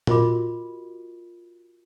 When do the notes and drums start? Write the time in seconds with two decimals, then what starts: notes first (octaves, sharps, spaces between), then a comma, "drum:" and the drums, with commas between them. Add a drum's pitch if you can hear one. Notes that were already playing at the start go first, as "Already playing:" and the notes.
0.07 F4 F#4 A#4 D#5 B5 D6, drum: tom A#2